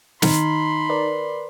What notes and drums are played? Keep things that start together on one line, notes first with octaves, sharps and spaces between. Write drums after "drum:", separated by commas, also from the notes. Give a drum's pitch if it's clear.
D#3 D#4 B5 C6, drum: snare
A#4 B4 D5